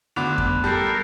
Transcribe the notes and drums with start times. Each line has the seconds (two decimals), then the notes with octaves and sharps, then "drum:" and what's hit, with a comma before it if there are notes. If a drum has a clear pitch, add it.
0.16 D2 B3 D4 B5 D6 F#6 F7
0.38 drum: kick F2
0.64 G3 A4 A#4 A5 D#6 G6 C7